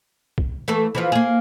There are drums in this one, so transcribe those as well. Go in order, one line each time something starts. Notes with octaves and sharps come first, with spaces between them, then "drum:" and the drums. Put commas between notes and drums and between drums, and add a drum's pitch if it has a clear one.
drum: kick
E3 A3 A4
E3 F3 F4
A#3 G#4